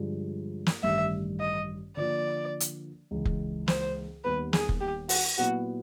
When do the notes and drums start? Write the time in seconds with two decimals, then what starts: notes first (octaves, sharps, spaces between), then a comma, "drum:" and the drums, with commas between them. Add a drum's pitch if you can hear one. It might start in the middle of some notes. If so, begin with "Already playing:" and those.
Already playing: G2 D3 F3 G#3
0.66 drum: snare
0.83 A1 G2 D#3 G3 E5
1.40 D#5
1.97 D3 F3 A#3 D4 F4 D5
2.60 drum: hi-hat
3.11 C#2 C#3 E3
3.25 drum: kick F1
3.68 C5, drum: snare
4.24 D#2 D#3 G3 B3 B4
4.53 G#4, drum: snare
4.69 drum: kick F1
4.81 G4
5.09 F#4, drum: open hi-hat
5.38 A#2 F#3 B3 E4 F#4